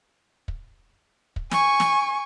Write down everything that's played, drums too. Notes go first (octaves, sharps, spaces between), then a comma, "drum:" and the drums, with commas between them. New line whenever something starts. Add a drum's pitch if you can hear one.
drum: kick
drum: kick
G#5 C#6, drum: snare
drum: snare